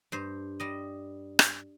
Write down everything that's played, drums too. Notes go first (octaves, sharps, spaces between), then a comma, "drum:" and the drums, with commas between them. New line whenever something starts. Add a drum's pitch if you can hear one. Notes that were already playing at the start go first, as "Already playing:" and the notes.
G2 C5
G3 D#5
drum: rim click